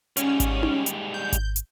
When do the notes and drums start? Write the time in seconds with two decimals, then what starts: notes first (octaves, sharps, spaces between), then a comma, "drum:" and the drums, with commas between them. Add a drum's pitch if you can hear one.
0.17 G#2 G3 C#4, drum: hi-hat
0.40 drum: kick G#1, hi-hat
0.63 drum: tom D#4
0.86 drum: hi-hat
1.14 G6
1.33 drum: kick G#1, hi-hat
1.56 drum: hi-hat